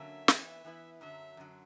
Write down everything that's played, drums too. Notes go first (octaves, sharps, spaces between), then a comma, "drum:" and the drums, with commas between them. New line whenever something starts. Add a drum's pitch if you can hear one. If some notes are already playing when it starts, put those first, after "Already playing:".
Already playing: D3 F#3 A#3 C#4 E5
E3 B3 E4 B4, drum: snare
E3 B3 E4 B4
F#2 D3 F#3 E5
F#2 D3 F#3